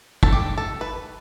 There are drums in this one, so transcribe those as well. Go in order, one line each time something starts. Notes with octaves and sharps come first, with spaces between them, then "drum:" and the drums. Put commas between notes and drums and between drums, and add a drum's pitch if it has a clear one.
A4, drum: kick
G4
A4
B4